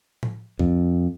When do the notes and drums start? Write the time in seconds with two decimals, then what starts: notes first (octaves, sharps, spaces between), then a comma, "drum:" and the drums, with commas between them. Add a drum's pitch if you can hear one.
0.23 drum: tom A2
0.59 F2, drum: kick